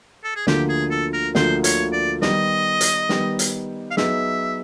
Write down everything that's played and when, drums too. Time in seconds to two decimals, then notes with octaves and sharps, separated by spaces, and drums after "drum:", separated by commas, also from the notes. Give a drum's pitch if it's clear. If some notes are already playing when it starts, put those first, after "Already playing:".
0.24 A4
0.35 G#4
0.47 D2 D3 F3 A#3 G4, drum: snare
0.69 G#4
0.90 A4
1.13 A#4
1.35 D2 D3 F3 A#3 C5, drum: snare
1.64 C#5, drum: hi-hat
1.92 D5
2.22 D#3 G3 B3 D#4 G4 D#5, drum: snare
2.81 drum: hi-hat
3.09 D#3 G3 B3 D#4 G4, drum: snare
3.39 drum: hi-hat
3.90 F5
3.97 F#3 B3 D#4 G#4 E5, drum: snare